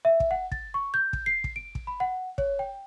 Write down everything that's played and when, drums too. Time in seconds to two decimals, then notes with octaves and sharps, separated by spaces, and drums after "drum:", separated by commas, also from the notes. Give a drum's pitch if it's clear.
0.05 E5
0.20 drum: kick
0.31 F#5
0.52 A6, drum: kick
0.74 C#6
0.94 G6
1.13 drum: kick
1.26 C7
1.44 drum: kick
1.56 D7
1.75 drum: kick
1.87 B5
2.00 F#5
2.38 C#5, drum: kick
2.59 G5